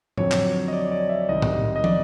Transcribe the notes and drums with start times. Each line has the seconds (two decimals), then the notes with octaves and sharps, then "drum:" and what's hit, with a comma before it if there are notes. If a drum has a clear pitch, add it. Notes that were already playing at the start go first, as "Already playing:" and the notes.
0.17 F2 D3 F#3 C#5, drum: tom A2
0.31 drum: clap
0.68 D#5
0.73 D5
0.92 D5
1.09 E5
1.29 C2 C3 D#3 D#5
1.42 drum: tom A2
1.76 D#5
1.84 D5, drum: tom